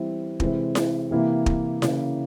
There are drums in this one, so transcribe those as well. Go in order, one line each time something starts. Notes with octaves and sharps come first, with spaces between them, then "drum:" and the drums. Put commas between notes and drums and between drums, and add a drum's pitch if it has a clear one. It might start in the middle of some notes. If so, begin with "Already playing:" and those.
Already playing: E3 G3 C4 E4
C3 E3 G#3 C4, drum: kick
drum: snare E4
C3 E3 A#3 E4
drum: kick
C#3 E3 A#3, drum: snare E4